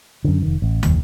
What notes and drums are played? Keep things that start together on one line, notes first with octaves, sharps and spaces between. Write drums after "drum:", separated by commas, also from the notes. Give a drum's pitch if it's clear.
F#2 D3
F1 D#3
A1
F1 D#3 E3 A#3, drum: tom